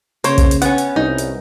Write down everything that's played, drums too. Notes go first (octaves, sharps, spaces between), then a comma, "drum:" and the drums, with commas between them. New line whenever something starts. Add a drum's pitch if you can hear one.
C#3 A#3 C5 C#5, drum: hi-hat
drum: kick, hi-hat
drum: hi-hat
B3 C#4 F#5, drum: hi-hat
drum: hi-hat
C2 D#4
drum: hi-hat